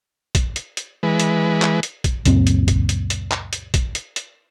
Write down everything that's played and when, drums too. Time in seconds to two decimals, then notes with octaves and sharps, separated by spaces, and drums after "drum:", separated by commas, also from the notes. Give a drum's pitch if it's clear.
0.35 drum: kick, hi-hat
0.56 drum: hi-hat
0.77 drum: hi-hat
1.03 E3 G#3 B4
1.20 drum: hi-hat
1.62 drum: clap
1.83 drum: hi-hat
2.04 drum: kick, hi-hat
2.25 C#2 F#2 A#2 C4, drum: hi-hat
2.47 drum: hi-hat
2.68 drum: kick, hi-hat
2.89 drum: hi-hat
3.10 drum: hi-hat
3.31 drum: clap
3.53 drum: hi-hat
3.74 drum: kick, hi-hat
3.95 drum: hi-hat
4.16 drum: hi-hat